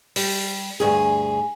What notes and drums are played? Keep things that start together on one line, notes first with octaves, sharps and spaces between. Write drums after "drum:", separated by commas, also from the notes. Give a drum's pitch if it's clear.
G3, drum: open hi-hat
D2 G2 G#4 G#5